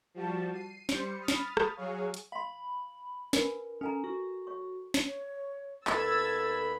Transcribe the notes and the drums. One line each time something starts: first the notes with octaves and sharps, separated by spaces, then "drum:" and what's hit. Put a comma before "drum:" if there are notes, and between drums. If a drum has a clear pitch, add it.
F3 G3 F#4 A5
C7 D#7
G3 C5 C#7, drum: snare
B5 D#6 F6 A6
drum: snare
drum: rim click
F#3 G#4 C#5 F5
drum: hi-hat
F5 B5 C6
D4 A#4 B4, drum: snare
C#4 A4 G#5 A#5
F#4
C#5 C#6
drum: snare
C#5
D#2 B3 A4 B5 E6 G#6 A6, drum: clap